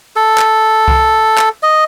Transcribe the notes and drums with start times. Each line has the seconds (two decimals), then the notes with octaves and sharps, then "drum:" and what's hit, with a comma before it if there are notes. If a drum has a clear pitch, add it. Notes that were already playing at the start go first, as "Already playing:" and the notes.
0.16 A4
0.38 drum: clap
0.88 drum: kick C2
1.38 drum: clap
1.63 D#5